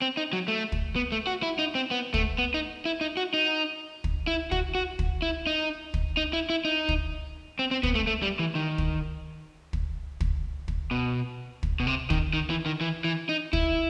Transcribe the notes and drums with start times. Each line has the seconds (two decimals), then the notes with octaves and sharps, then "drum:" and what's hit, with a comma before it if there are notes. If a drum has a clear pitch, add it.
0.02 C4
0.17 D#4
0.33 F#3
0.48 A3
0.72 drum: kick
0.96 B3
1.12 A3
1.27 F#4
1.43 E4
1.59 D#4
1.75 C4
1.91 B3
2.14 A3, drum: kick
2.38 B3
2.54 D#4
2.85 E4
3.01 D#4
3.17 F#4
3.34 D#4
4.04 drum: kick
4.27 E4
4.52 F#4, drum: kick
4.75 F#4
4.99 drum: kick
5.22 E4
5.47 D#4
5.94 drum: kick
6.17 D#4
6.33 E4
6.50 E4
6.65 D#4
6.89 drum: kick
7.59 C4
7.71 C4
7.83 B3, drum: kick
7.95 A3
8.07 A3
8.22 G3
8.39 E3
8.55 D#3
8.78 drum: kick
9.73 drum: kick
10.20 drum: kick
10.68 drum: kick
10.91 B2
11.63 drum: kick
11.80 B2
11.87 C3
12.10 D#3, drum: kick
12.34 D#3
12.50 E3
12.66 D#3
12.81 E3
13.04 E3
13.29 D#4
13.53 E4, drum: kick